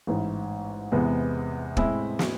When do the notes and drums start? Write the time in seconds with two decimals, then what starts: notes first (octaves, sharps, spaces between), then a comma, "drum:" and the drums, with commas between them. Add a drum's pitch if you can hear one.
0.07 A1 G#2 E3
0.92 E2 C3 G#3 B3
1.77 A2 G#3 C4 E4, drum: kick
2.19 drum: snare